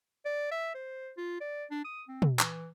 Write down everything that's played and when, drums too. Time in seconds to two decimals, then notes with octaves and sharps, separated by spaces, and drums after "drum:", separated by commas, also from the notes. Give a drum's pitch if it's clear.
0.25 D5
0.51 E5
0.74 C5
1.17 F4
1.41 D5
1.71 D4
1.84 D#6
2.08 C4
2.22 drum: tom
2.39 E3, drum: clap